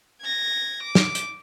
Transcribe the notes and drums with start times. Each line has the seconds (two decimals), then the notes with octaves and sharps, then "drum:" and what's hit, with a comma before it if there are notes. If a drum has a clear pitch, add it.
0.22 G#6 A#6
0.82 D6
0.95 drum: snare
1.15 drum: hi-hat